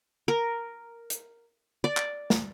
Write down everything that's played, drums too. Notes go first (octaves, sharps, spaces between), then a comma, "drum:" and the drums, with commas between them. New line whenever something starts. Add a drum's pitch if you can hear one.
A#4
drum: hi-hat
D5
drum: clap
drum: snare